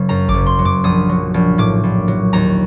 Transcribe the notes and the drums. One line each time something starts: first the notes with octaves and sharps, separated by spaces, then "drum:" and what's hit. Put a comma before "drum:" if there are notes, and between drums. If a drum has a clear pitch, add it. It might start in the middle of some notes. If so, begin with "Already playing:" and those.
Already playing: F#1 F#3
F#2 A#5
D6, drum: kick G#1
F#1
C6
F#3
D6, drum: tom F2
A#1 D#6
F#3
A#1
A2 D6
A#1
F#3
D#2 A#5